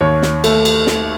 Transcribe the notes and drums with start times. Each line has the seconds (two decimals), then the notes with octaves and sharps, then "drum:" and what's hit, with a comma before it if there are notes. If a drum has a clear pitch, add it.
0.01 D#2 C#5
0.22 drum: snare
0.44 A3, drum: cymbal
0.65 drum: cymbal
0.87 drum: snare